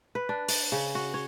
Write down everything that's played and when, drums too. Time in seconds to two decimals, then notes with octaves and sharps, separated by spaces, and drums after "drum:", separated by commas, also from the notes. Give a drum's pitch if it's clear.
0.15 B4
0.29 D4
0.48 D5, drum: open hi-hat
0.72 C#3
0.95 F#4
1.14 C#5